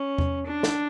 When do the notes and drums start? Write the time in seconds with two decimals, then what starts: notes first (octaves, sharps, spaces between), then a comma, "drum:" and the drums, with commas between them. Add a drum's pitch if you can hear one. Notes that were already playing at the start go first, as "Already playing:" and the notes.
Already playing: C#4
0.18 drum: tom E2
0.46 D4
0.63 drum: snare